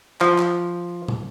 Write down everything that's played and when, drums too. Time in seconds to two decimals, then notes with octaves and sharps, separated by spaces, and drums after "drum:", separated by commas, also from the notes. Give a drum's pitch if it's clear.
0.21 F3, drum: clap
0.38 drum: clap
1.08 drum: tom